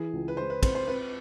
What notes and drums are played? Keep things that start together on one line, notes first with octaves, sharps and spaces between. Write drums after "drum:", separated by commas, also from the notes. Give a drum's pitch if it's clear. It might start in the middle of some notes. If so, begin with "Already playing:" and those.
Already playing: E3 G#4
C#2
B4
G#3 C5
B4
C4 C5, drum: kick, cymbal
C5
C4 B4